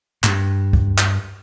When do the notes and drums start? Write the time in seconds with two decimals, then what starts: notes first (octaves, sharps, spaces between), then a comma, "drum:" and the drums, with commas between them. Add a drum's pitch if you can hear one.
0.24 G2, drum: clap
0.73 drum: kick
0.98 drum: clap